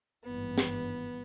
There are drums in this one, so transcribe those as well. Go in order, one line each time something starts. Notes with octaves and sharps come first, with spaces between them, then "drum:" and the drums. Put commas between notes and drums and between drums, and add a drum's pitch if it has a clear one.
G#1 G2 E3 B3
drum: snare